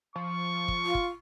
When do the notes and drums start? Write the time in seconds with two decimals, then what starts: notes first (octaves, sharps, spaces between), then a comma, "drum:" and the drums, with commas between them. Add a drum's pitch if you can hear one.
0.16 F3 C#6
0.68 drum: kick
0.85 F4
0.95 drum: kick